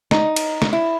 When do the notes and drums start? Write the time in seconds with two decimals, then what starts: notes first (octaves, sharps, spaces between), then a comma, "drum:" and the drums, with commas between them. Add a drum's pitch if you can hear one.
0.11 D#4, drum: snare
0.36 drum: cymbal
0.62 drum: snare
0.73 E4